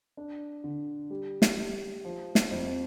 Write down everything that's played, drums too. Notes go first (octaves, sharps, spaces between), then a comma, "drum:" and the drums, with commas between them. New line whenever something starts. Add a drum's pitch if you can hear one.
D4
D3
G3
drum: snare
G3
F3
drum: snare
F2